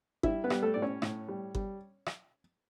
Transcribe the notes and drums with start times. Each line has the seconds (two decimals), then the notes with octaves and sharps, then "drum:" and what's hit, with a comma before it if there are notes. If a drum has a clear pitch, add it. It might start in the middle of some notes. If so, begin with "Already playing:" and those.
0.23 G3 E4 E5, drum: kick G1
0.44 B3 B4
0.50 G3, drum: rim click
0.62 A3 A4
0.74 A2 D5
0.82 C#4 C#5
1.02 A2, drum: rim click
1.28 G3
1.55 G3, drum: kick G1
2.06 drum: rim click